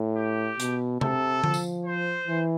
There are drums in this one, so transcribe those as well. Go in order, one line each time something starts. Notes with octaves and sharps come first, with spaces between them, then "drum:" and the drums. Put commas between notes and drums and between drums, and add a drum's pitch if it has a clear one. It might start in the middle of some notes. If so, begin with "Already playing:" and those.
Already playing: A2
G4
B2, drum: hi-hat
C3 A4, drum: tom C3
F3, drum: tom D3
drum: tambourine
C5
E3